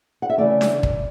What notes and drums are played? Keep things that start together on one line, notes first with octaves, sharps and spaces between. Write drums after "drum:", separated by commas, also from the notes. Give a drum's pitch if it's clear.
F#5
E5
C#3 E3 A3 D5
drum: snare D4
drum: kick